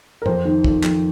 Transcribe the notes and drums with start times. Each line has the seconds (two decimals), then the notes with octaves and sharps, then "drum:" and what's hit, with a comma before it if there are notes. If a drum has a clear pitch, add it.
0.22 A#4
0.26 F2 C5, drum: tom
0.45 D#3
0.64 F2, drum: kick
0.83 F2, drum: clap